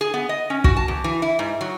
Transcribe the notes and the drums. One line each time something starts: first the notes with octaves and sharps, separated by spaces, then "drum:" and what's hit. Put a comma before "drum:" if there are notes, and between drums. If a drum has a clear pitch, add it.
G#4
B3
D#5
C#4
F#4, drum: kick
A5
E2
E3
E4
G#2
F#3